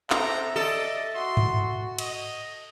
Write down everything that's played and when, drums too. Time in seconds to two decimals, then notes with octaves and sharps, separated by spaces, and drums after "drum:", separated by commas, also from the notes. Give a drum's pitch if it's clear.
0.10 C4 A4 E5 A#5, drum: clap
0.56 A4 D5 D#5
1.15 F#4 C6
1.37 drum: tom G2
1.98 D#5, drum: cymbal